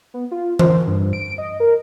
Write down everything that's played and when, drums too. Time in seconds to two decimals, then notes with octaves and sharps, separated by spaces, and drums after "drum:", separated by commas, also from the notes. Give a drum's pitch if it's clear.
0.14 B3
0.31 F4
0.59 C5, drum: tom E3
0.87 G2
1.13 D7
1.38 D#5
1.60 A#4